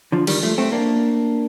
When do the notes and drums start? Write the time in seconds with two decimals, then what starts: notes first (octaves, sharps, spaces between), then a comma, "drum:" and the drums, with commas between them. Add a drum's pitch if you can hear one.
0.12 D3 F3
0.27 D#3 G3, drum: cymbal
0.43 F3 A3
0.58 A3 C4
0.72 A#3 D4